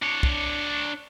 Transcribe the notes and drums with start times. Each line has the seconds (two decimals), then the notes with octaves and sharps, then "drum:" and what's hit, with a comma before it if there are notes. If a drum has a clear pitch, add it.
0.02 D4 C#5
0.23 drum: kick